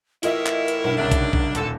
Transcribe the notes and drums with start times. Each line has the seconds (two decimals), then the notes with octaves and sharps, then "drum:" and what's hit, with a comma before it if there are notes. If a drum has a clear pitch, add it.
0.23 A2 E3 E4 F4 A#4 D#5 E5, drum: hi-hat
0.46 drum: clap
0.68 drum: hi-hat
0.84 B1 G2
0.97 C2 C#3 D4 E5
1.11 drum: kick, hi-hat
1.33 drum: kick
1.55 D#1 D3 F#4 A4, drum: hi-hat